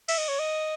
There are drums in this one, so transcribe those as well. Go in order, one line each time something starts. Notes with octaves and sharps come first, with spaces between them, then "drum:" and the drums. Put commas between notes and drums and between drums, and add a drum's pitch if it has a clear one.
E5, drum: cymbal
D#5
C#5
D#5